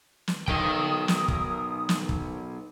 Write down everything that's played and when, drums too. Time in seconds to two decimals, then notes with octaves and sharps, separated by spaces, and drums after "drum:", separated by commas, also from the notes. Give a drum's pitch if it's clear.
0.28 drum: snare
0.48 B1 A#4 G5 D#6, drum: kick
1.08 drum: snare
1.28 drum: kick
1.89 drum: snare
2.09 drum: kick